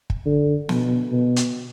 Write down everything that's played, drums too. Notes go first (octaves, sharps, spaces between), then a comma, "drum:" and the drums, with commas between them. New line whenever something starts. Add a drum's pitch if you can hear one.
drum: kick
D3
B2, drum: snare
B2
drum: hi-hat